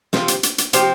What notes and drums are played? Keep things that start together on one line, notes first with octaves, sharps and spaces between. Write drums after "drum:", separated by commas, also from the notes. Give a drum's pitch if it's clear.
C3 F3 C4 F4, drum: snare
drum: hi-hat
drum: hi-hat
drum: hi-hat
C3 F3 C4 G4, drum: hi-hat